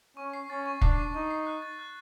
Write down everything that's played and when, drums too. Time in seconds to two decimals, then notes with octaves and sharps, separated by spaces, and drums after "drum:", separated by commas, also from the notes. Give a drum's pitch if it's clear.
0.16 C#4 C#6
0.33 C7
0.50 C#4 A6
0.66 C#6
0.81 D4 C7, drum: kick
0.98 C#6
1.14 D#4 C#6
1.31 C7
1.46 F#6
1.62 A6
1.79 F#6